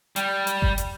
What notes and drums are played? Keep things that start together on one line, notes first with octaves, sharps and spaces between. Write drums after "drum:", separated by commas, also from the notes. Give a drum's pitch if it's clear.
G3, drum: hi-hat
drum: hi-hat
drum: kick G1
drum: hi-hat